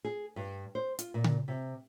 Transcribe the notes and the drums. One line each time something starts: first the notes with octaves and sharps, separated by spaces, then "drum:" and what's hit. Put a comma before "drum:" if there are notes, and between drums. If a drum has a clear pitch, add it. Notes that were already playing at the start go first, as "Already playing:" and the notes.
G#4
G2
C5
F4, drum: hi-hat
A#2
drum: tom C#3
C3